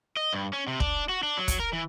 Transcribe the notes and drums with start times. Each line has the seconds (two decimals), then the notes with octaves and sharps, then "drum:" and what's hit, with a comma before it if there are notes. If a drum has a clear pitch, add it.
0.17 D#5
0.33 G2
0.53 C#4
0.68 C3
0.80 D4, drum: kick
1.09 F#4
1.23 D4
1.38 F#3
1.48 drum: kick, hi-hat
1.60 A#4
1.73 E3